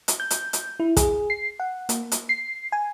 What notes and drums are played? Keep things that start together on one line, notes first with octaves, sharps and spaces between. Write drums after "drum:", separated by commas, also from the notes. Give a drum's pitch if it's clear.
drum: hi-hat
G6
drum: hi-hat
drum: hi-hat
E4
G#4, drum: kick, hi-hat
C7
F#5
A#3, drum: hi-hat
drum: hi-hat
C7
G#5